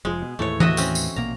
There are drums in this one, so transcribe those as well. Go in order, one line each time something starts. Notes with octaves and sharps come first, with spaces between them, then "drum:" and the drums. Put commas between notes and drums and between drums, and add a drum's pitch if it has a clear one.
F1 F3 G#3
B2
D#2 A2 E3 A3 C#5
F#4 D#5 E5, drum: tom E3
C4 C#4, drum: tambourine
drum: tambourine
A#1 B2 A#3 A#5